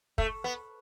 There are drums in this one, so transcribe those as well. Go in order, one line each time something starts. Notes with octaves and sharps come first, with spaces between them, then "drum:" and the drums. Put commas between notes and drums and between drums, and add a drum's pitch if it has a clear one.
A3, drum: kick
B3